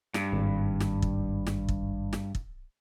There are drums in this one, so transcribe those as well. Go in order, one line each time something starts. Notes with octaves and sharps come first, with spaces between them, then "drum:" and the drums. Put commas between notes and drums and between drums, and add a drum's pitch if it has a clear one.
G2, drum: snare
G#1
drum: snare
drum: kick
drum: snare
drum: kick
drum: snare
drum: kick